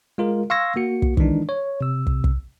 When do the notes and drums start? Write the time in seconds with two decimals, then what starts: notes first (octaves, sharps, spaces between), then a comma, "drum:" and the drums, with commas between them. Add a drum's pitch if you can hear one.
0.18 G#3 F4 A#4
0.50 F5 C6 C#6 E6 G#6 A#6
0.76 A#3 F#4 C#7
1.02 drum: kick
1.17 D#3 E3 G#3 D4 D#4, drum: kick
1.49 C#5
1.81 C3 E6
2.07 drum: kick
2.24 drum: kick